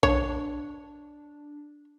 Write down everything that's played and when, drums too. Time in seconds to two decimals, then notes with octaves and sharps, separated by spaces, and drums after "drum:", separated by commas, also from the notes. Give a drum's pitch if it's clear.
0.03 D4 C#5, drum: kick A#1